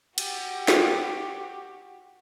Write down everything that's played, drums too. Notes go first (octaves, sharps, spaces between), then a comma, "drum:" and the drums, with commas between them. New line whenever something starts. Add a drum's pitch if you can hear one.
F#4 G4, drum: cymbal
drum: snare